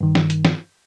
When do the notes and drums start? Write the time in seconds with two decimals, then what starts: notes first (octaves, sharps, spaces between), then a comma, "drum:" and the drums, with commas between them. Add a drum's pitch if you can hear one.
0.01 G2 D#3
0.15 drum: snare
0.30 drum: hi-hat
0.45 drum: snare